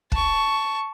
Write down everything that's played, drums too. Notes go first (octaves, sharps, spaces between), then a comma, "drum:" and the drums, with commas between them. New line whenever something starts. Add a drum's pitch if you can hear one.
A5 C#6, drum: kick